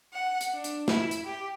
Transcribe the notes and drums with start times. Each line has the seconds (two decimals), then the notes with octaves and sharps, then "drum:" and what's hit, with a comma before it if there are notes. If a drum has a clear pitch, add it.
0.13 F#5
0.41 drum: hi-hat
0.52 D4
0.64 drum: hi-hat
0.88 E4, drum: snare
1.11 drum: hi-hat
1.26 G4